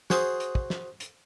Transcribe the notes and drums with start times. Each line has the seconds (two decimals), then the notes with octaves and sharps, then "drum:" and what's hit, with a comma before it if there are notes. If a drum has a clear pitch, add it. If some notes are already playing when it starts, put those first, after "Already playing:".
0.10 F#4 G#4 C5 D#6, drum: snare
0.40 drum: hi-hat
0.55 drum: kick
0.70 drum: snare
1.00 drum: hi-hat